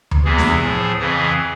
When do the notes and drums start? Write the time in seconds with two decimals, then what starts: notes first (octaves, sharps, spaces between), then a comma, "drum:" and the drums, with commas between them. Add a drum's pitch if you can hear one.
0.11 drum: tom D2
0.24 E2 C3 E3 G#4
0.38 drum: snare
0.62 A2 F3
0.99 F2 C#3 E3 G#4